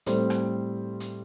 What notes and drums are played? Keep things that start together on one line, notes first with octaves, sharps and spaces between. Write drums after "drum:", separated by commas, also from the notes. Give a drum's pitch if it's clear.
A2 G3 C4 A4 C5, drum: hi-hat
drum: rim click
drum: hi-hat